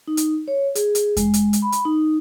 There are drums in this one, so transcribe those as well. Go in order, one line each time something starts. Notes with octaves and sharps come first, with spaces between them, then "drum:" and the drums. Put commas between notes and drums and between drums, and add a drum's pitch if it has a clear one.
D#4
drum: hi-hat
C#5
G#4, drum: hi-hat
drum: hi-hat
G#3, drum: kick E2, hi-hat
drum: hi-hat
drum: hi-hat
B5
drum: hi-hat
D#4